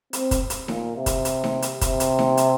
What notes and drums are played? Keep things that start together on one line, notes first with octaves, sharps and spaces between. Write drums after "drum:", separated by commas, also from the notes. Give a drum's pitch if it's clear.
C4, drum: hi-hat
drum: kick, hi-hat
drum: hi-hat
A#2, drum: snare D#4
C3
drum: kick, hi-hat
drum: hi-hat
drum: snare D#4
drum: hi-hat
C3, drum: kick, hi-hat
drum: hi-hat
drum: snare D#4
drum: hi-hat